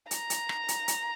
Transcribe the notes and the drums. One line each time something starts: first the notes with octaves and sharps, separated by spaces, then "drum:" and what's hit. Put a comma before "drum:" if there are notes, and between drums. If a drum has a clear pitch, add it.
A#5, drum: hi-hat
drum: hi-hat
drum: rim click
drum: hi-hat
drum: hi-hat